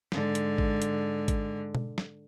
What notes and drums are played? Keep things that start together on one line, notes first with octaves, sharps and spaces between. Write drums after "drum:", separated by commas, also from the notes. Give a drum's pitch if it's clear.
G#2 D3, drum: snare
drum: hi-hat
drum: kick G#1
drum: hi-hat
drum: kick G#1, hi-hat
drum: tom B2
drum: snare